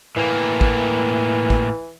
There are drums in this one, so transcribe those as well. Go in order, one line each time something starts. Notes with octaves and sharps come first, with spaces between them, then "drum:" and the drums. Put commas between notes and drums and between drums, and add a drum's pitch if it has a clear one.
A2 E3 A#3
drum: kick
drum: kick